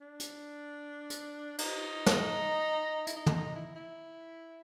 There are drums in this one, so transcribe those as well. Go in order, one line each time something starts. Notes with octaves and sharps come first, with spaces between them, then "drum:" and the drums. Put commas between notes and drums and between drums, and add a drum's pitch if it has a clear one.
D4
drum: hi-hat
drum: hi-hat
D#4, drum: cymbal
drum: snare
E4, drum: hi-hat
D#4
drum: tom
D#4
E4
E4